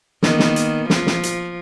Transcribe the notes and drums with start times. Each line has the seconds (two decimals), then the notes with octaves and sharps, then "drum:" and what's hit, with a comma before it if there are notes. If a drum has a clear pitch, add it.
0.23 D#3 A#3 B3, drum: snare
0.39 drum: snare
0.56 drum: hi-hat
0.90 F3, drum: snare
1.07 drum: snare
1.23 drum: hi-hat